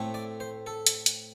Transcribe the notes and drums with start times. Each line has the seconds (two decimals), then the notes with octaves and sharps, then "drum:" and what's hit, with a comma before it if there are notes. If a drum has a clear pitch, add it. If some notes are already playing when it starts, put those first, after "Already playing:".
Already playing: A2 A3 C4
0.14 D5
0.40 C5
0.67 A4
0.87 drum: hi-hat
1.06 drum: hi-hat